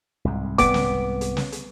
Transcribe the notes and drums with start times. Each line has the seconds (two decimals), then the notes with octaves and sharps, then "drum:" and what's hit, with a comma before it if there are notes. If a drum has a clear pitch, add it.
0.25 C2 G#2
0.58 B3 D6, drum: kick F1, hi-hat
0.74 drum: snare
1.21 drum: hi-hat
1.37 drum: snare
1.52 drum: hi-hat